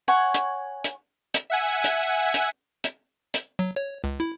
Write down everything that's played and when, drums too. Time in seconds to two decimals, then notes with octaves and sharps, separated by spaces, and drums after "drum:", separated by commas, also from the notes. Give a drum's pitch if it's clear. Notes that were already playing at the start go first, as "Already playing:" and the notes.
0.08 C#5 F#5 G#5 C#6
0.34 drum: hi-hat
0.84 drum: hi-hat
1.34 drum: hi-hat
1.50 E5 F#5 G#5
1.84 drum: hi-hat
2.34 drum: hi-hat
2.84 drum: hi-hat
3.34 drum: hi-hat
3.59 F#3
3.76 C#5
4.04 C#2
4.20 E4